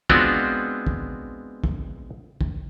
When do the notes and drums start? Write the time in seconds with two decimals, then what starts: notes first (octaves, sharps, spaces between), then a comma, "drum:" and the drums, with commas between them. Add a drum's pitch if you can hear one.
0.10 G#3 B3 C4 D4 F4 F#4, drum: kick
0.87 drum: kick
1.64 drum: kick
2.41 drum: kick